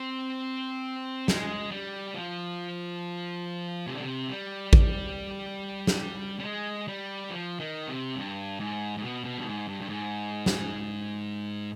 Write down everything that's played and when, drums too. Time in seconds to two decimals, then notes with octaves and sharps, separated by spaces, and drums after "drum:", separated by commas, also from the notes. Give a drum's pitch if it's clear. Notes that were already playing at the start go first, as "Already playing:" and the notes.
Already playing: C4
1.28 G#3, drum: snare
1.71 G3
2.14 F3
3.87 C3
3.94 D3
4.01 C3
4.30 G3
4.73 drum: kick A1
5.87 drum: snare
6.40 G3
6.45 G#3
6.88 G3
7.30 F3
7.60 D#3
7.88 C3
8.16 G2
8.60 G#2
8.98 G#2
9.03 B2
9.25 B2
9.38 G2
9.46 G#2
9.68 G2
9.81 G2
9.89 G#2
10.46 drum: snare